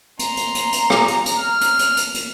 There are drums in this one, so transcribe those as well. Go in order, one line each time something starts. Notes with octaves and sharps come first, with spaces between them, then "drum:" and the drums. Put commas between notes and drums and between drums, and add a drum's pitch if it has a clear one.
A#5 C6, drum: hi-hat
drum: hi-hat
drum: hi-hat
drum: hi-hat
drum: rim click
drum: hi-hat
drum: hi-hat
F6
drum: hi-hat
drum: hi-hat
drum: hi-hat
drum: hi-hat